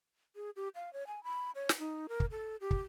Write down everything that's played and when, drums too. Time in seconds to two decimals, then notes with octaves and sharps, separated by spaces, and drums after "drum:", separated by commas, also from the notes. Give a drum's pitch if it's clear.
0.36 G#4
0.56 G4
0.75 F5
0.93 C#5
1.07 G#5
1.24 B5
1.55 C#5
1.69 drum: snare
1.79 D#4
2.09 A#4
2.20 drum: kick
2.31 A4
2.61 G4
2.71 drum: kick